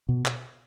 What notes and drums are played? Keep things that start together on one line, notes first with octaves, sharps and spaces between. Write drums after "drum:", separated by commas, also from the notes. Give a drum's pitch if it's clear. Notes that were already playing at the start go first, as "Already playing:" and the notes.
B2
drum: clap